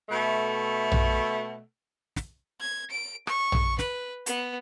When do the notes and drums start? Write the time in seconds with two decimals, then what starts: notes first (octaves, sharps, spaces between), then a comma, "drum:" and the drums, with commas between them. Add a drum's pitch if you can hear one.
0.09 B2 A3
0.92 drum: tom A#1
2.16 drum: snare
2.60 G#6
2.91 D7
3.27 C#6, drum: rim click
3.52 drum: tom A#1
3.79 B4, drum: snare
4.26 B3, drum: hi-hat